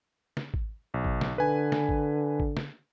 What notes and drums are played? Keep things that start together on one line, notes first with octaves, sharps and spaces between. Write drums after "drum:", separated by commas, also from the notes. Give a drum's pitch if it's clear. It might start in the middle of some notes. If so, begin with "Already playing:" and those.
drum: snare
drum: kick G#1
B1
drum: kick G#1
drum: snare
D3 B4 G#5
drum: snare
drum: kick G#1
drum: kick G#1
drum: snare